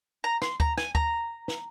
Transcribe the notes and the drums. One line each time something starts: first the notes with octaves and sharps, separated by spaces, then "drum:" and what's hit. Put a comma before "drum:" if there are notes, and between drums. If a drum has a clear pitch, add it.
A#5
C6, drum: snare
A#5, drum: kick D2
G#5, drum: snare
A#5, drum: kick D2
drum: snare